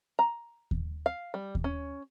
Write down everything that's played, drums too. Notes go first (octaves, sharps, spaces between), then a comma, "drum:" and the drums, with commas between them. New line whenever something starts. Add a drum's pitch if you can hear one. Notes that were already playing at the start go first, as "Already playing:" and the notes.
A#5
drum: kick D#2
F5
G3
drum: kick D#2
C#4